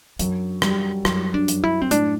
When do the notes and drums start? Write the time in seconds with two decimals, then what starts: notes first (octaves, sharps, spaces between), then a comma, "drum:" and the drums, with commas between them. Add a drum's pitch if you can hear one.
0.19 F#2 D4, drum: hi-hat
0.62 G3, drum: rim click
1.05 F#2 E4, drum: rim click
1.34 D4
1.48 F#2, drum: hi-hat
1.64 E4
1.82 C4
1.91 A2 D4, drum: hi-hat